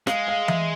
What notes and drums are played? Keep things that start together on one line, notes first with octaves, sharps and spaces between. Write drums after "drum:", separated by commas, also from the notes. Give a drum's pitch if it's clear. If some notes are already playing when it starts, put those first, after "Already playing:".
G#3 F5, drum: rim click
F5
E5, drum: tom E3